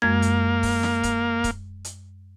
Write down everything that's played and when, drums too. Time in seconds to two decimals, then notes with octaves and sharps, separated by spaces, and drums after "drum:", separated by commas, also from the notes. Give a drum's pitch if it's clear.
0.02 F#2 G#3 A#3 G#6
0.22 drum: hi-hat
0.63 drum: kick C#1, open hi-hat
0.83 drum: snare
1.03 drum: kick C#1, hi-hat
1.44 drum: kick C#1, hi-hat
1.85 drum: hi-hat